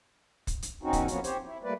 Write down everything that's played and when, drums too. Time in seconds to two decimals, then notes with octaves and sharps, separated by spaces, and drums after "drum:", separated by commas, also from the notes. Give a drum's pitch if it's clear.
0.47 drum: kick, hi-hat
0.62 drum: hi-hat
0.83 E2 B2 C4 C#4 D#4 F#4
0.93 drum: kick, hi-hat
1.08 F3 A#3 B3 C#4 F#4, drum: hi-hat
1.24 C4 G4 C5 C#5, drum: hi-hat
1.45 E4
1.64 G3 A3 A#3 B4 D5